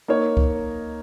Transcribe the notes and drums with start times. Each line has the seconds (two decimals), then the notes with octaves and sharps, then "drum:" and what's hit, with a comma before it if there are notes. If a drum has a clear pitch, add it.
0.08 A#3 D#4 A#4 C#5
0.37 drum: kick C#2